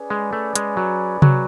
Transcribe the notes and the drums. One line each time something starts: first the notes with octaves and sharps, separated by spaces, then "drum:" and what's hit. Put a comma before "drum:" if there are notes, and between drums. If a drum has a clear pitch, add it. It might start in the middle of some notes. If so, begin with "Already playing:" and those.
Already playing: C#4 G#4 B4 D5
G#3
A3
G#3, drum: hi-hat
F#3
F#3, drum: tom C3